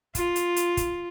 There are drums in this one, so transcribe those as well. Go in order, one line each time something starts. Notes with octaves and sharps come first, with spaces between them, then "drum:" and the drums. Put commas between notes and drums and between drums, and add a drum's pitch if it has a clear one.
F4, drum: kick, hi-hat
drum: hi-hat
drum: hi-hat
drum: kick, hi-hat